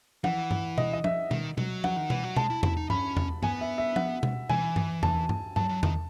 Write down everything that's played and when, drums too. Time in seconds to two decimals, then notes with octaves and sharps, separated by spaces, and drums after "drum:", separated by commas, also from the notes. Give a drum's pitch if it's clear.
0.24 E3 F#5, drum: tom F3
0.51 drum: tom G2
0.78 D#5, drum: tom B2
0.93 D#5
1.04 E5, drum: tom F3
1.31 D#3, drum: tom B2
1.58 F#3, drum: tom B2
1.84 F#5, drum: tom F3
1.97 D#3
2.10 E3, drum: tom B2
2.24 F#3
2.36 G#3 A5, drum: tom B2
2.50 E4
2.63 E4, drum: tom E2
2.77 D#4
2.90 C#4 B5, drum: tom G2
3.17 drum: tom E2
3.43 B3 G#5, drum: tom G2
3.61 E5
3.78 E5
3.96 F#5, drum: tom F3
4.23 drum: tom B2
4.49 E3 G#5, drum: tom B2
4.76 drum: tom G2
5.03 A5, drum: tom E2
5.29 drum: tom G2
5.56 F#3 A5, drum: tom G2
5.69 F#3
5.83 D#3, drum: tom E2